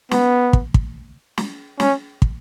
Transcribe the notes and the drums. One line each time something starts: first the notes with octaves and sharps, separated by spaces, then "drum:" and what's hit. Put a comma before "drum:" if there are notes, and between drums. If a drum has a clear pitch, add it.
B3, drum: snare
drum: kick
drum: kick
drum: snare
C#4, drum: snare
drum: kick